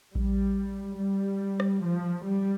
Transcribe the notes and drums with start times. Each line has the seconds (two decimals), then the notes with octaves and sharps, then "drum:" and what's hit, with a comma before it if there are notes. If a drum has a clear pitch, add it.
0.15 G3, drum: kick A#1
0.99 G3
1.60 drum: rim click
1.83 F3
2.24 G3